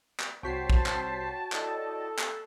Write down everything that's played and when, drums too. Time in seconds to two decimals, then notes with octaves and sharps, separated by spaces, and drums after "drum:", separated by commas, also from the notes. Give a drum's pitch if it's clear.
0.20 drum: clap
0.43 C2 F#4 C5 C#5 G5 A5 B6 C7
0.70 drum: kick A#1
0.86 drum: clap
1.52 E4 A4 D5 D#5, drum: clap
2.19 drum: clap